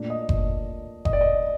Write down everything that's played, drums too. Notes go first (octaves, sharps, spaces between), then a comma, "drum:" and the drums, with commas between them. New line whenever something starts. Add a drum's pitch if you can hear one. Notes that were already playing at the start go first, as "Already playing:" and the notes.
Already playing: A#2 A3 D4
D#5
drum: kick F#1
D#5, drum: kick F#1
D5
D#5